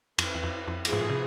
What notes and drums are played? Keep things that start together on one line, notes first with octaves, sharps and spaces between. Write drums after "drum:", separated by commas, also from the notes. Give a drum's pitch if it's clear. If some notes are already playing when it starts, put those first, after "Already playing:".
F2 C4 E4 B4, drum: cymbal
E2
F2
F2
F3 B3 F4 G#4, drum: cymbal
G#2
A2
C3